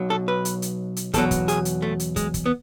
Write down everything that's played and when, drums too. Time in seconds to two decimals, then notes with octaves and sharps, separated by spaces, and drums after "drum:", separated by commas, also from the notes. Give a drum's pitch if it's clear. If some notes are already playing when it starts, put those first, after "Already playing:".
Already playing: B1 B2 F#3
0.10 A4
0.28 B4
0.45 drum: hi-hat
0.62 drum: hi-hat
0.96 drum: hi-hat
1.13 E2 B2 F#3 A4, drum: kick, hi-hat
1.31 drum: kick, hi-hat
1.48 G#4, drum: hi-hat
1.65 drum: hi-hat
1.82 A3
2.00 drum: hi-hat
2.16 G#3, drum: kick, hi-hat
2.34 drum: kick, hi-hat
2.46 B3